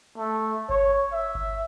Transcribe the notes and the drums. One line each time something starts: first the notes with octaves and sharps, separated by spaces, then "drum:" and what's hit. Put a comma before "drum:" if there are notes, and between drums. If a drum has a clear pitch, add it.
A3
C#5, drum: kick G1
E5
drum: kick G1